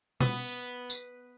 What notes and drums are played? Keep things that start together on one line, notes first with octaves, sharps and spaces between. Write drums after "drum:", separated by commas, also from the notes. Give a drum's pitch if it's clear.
B3, drum: tom B2
drum: tambourine